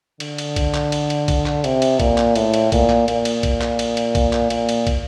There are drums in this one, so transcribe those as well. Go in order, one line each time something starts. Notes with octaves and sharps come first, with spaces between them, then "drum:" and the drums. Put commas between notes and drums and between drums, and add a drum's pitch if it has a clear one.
D3, drum: cymbal
drum: cymbal
drum: kick, cymbal
drum: clap
drum: cymbal
drum: cymbal
drum: kick, cymbal
drum: clap
C3, drum: cymbal
drum: cymbal
A#2, drum: kick, cymbal
drum: clap
A2, drum: cymbal
drum: cymbal
A#2, drum: kick, cymbal
drum: clap
A#2, drum: cymbal
drum: cymbal
drum: kick, cymbal
drum: clap
drum: cymbal
drum: cymbal
drum: kick, cymbal
drum: clap
A#2, drum: cymbal
drum: cymbal
drum: kick, cymbal